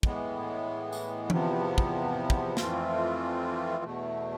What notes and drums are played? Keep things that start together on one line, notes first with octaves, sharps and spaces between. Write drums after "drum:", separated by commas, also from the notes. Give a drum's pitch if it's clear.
A2 E3 G#3 B3, drum: kick
drum: tambourine
E2 C3 F3 B3, drum: tom E3
drum: kick
drum: kick
F2 E3 A3 C4 F4, drum: snare
E2 B2 A3